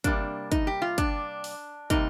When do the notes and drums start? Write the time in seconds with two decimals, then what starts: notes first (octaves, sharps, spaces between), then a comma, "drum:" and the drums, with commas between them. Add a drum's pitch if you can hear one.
0.04 C3 G3 A#3 D4, drum: kick, hi-hat
0.52 D#4, drum: kick, hi-hat
0.67 G4
0.82 F4
0.98 D4, drum: kick, hi-hat
1.44 drum: open hi-hat
1.90 C3 G3 A#3 D#4, drum: kick, hi-hat